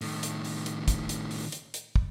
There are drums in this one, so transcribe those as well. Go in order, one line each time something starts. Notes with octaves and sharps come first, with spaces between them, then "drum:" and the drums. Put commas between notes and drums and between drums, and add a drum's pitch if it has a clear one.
A2 D#3, drum: open hi-hat
drum: hi-hat
drum: open hi-hat
drum: hi-hat
drum: kick, hi-hat
drum: hi-hat
drum: open hi-hat
drum: hi-hat
drum: hi-hat
drum: kick